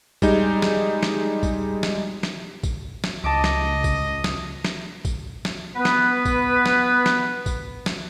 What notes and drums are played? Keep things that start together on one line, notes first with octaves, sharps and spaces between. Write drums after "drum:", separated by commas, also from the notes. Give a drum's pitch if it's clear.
G3 G#3 D#4, drum: kick A1, tambourine
drum: snare
drum: snare
drum: kick A1, tambourine
drum: snare
drum: snare
drum: kick A1, tambourine
drum: snare
C#2 D#5 A5 D6
drum: snare
drum: kick A1, tambourine
drum: snare
drum: snare
drum: kick A1, tambourine
drum: snare
B3 B4
drum: snare
drum: kick A1, tambourine
drum: snare
drum: snare
drum: kick A1, tambourine
drum: snare